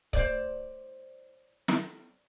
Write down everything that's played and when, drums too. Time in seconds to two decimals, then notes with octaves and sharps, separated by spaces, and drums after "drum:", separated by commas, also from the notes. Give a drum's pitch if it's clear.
0.13 C5 D5, drum: kick C#1
1.68 drum: snare